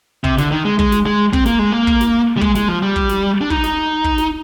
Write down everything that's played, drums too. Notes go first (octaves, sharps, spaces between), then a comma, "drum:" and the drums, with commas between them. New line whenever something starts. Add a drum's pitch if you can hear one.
C3, drum: kick
D3, drum: snare
D#3
G#3
G#3, drum: kick
drum: snare
G#3
C4, drum: kick
A#3, drum: snare
G#3
A#3
drum: kick
drum: snare
G3
G#3, drum: kick
G#3, drum: snare
F3
G3
drum: kick
drum: snare
D4
D#4, drum: kick
drum: snare
drum: kick
drum: snare